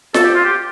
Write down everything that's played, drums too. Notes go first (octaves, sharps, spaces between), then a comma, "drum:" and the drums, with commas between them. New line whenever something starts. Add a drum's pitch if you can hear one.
A4, drum: snare F4
G4
F4
G4